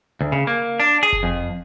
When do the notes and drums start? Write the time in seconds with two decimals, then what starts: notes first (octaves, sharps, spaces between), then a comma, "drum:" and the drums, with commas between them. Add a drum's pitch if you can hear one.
0.21 D2
0.32 C#3
0.47 A#3
0.80 D4
1.03 G#4
1.13 drum: kick F#1
1.23 F2